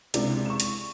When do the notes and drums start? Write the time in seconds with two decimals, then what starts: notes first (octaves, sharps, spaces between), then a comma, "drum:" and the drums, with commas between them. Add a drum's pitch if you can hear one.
0.14 C#2 C3 D4 E4, drum: hi-hat
0.46 C#6 E7
0.60 drum: hi-hat